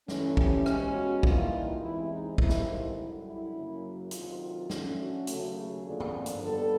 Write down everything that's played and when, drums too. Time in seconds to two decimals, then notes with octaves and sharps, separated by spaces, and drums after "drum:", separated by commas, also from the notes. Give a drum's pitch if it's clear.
0.08 G2 E3 A3 C#4, drum: snare
0.37 G4, drum: kick
0.66 B2 G#3 C#4, drum: rim click
0.94 F#4
1.23 G2 E3 G3 A#3 D#4 F4, drum: kick
1.80 E2 C3 E3 G#3 E4
2.10 D#4
2.38 F2 C3 D#3 G#3 E4, drum: kick
2.49 drum: snare
2.67 E4
2.96 F#2 D3 G3
3.25 E4
3.53 F#2 C#3 F#3 A#3
4.11 D2 C3 D#3 F#3 F4, drum: hi-hat
4.70 D3 F#3 A3 C#4, drum: snare
4.98 F#4
5.27 D#2 C#3 F#3 A3, drum: hi-hat
5.56 G#4
5.84 F2 D3 F3 A#3 D4
6.00 drum: tom
6.26 drum: hi-hat
6.42 D#2 D3 G3 B3 A4